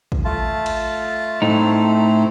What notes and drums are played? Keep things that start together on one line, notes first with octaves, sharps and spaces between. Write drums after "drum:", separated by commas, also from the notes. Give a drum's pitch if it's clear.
drum: kick
A3 F4 A5
drum: cymbal
A2 A3 C4 D#4